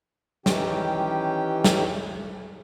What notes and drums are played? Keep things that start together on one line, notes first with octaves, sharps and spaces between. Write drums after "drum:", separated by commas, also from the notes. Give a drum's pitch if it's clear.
D#3 E3 C#4 G4 G5, drum: snare
drum: snare